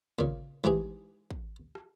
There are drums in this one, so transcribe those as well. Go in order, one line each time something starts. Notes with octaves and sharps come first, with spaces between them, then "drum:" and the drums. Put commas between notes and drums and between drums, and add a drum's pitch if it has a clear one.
A#2 C#3, drum: kick
G#2 E3 G4 G#4, drum: kick
drum: kick
drum: rim click